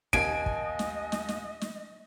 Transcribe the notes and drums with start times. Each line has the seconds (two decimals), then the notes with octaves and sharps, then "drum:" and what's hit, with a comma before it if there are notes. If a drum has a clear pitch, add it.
0.13 D#2 D#5 G#5 D7, drum: kick
0.46 drum: kick
0.79 drum: snare
1.12 drum: snare
1.28 drum: snare
1.61 drum: snare